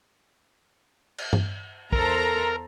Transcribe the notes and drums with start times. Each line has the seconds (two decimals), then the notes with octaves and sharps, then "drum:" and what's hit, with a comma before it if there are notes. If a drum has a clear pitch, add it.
1.18 drum: cymbal
1.33 drum: tom G2
1.92 E2 A4 A#4 C5 A#5, drum: kick